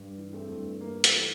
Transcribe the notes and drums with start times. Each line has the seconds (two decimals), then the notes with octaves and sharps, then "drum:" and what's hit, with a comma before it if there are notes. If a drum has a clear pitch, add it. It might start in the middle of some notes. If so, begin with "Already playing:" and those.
Already playing: G2
0.18 E3
0.33 A3 C4
0.49 G2
0.80 E3 A#3
1.04 A3, drum: hi-hat
1.11 E3